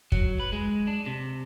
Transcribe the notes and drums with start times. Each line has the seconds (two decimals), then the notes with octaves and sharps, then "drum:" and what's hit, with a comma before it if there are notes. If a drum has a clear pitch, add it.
0.12 F#3, drum: kick
0.40 B4
0.52 G#3
0.87 D4
1.06 C3